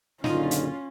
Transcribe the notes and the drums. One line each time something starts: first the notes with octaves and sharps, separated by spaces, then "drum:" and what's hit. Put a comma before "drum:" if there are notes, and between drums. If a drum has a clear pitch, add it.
F#1 A#2 D3 C#4 D#4 F4, drum: snare
drum: hi-hat